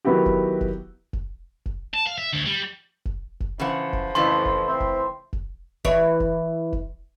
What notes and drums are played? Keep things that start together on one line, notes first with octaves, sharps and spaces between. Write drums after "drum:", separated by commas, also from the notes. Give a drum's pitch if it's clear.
D#3 F#3 B3 E4 F#4 G4
drum: kick F1
drum: kick F1
drum: kick F1
drum: kick F1
A5
F5
E5
D2
G3
drum: kick F1
drum: kick F1
C#3 E3 F3 F#5
drum: kick F1
F2 A2 C#3 E3 C6
drum: kick F1
C4 C5 E5
drum: kick F1
drum: kick F1
E3 C#5, drum: kick F1
drum: kick F1
drum: kick F1